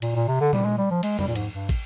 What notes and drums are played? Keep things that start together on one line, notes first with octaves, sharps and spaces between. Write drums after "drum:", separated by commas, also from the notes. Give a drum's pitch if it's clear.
A#2, drum: cymbal
A#2
C3
D3
G3, drum: tom A#2
G#3
G3
F3
G#3, drum: cymbal
G3, drum: tom
A#2
G#2, drum: cymbal
G2
drum: kick, cymbal